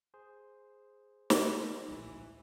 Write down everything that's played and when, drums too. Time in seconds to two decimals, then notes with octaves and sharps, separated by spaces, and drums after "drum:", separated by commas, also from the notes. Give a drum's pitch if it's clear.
0.14 G#4 C5
1.30 drum: snare
1.88 D1 A#1 E3 G#3